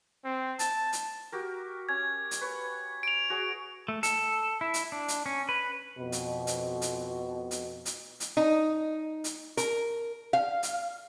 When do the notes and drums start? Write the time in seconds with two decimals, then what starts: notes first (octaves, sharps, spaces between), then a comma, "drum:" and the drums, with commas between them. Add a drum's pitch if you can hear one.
0.24 C4
0.59 A5, drum: hi-hat
0.93 drum: hi-hat
1.32 F#4 G4 A#4
1.89 C#4 G#6
2.31 drum: hi-hat
2.41 B4 C#5
3.03 D7 F7
3.30 F#4 G#4 C#5
3.88 A3
4.03 A4, drum: hi-hat
4.61 E4
4.74 drum: hi-hat
4.92 D4
5.08 drum: hi-hat
5.26 C#4
5.49 B4
5.98 F2 B2
6.12 drum: hi-hat
6.47 drum: hi-hat
6.82 drum: hi-hat
7.51 drum: hi-hat
7.86 drum: hi-hat
8.20 drum: hi-hat
8.37 D#4
9.24 drum: hi-hat
9.57 A#4, drum: hi-hat
10.33 F5
10.63 drum: hi-hat